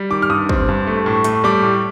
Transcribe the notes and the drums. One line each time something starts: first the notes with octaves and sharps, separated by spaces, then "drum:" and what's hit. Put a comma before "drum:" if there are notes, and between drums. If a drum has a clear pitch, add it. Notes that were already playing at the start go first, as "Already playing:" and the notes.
Already playing: G3
D#3 D6
F6
G2 D#6
C4, drum: kick
G2
A3
A2
A3, drum: hi-hat
G3 D6
A2